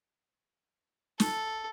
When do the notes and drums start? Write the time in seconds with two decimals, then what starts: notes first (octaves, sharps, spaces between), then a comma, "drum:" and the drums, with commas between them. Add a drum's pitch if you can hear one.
1.20 A4, drum: snare